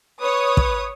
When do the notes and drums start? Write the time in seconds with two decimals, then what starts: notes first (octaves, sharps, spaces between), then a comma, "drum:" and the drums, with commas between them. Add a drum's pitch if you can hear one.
0.21 B4 C#5 D#6
0.57 drum: kick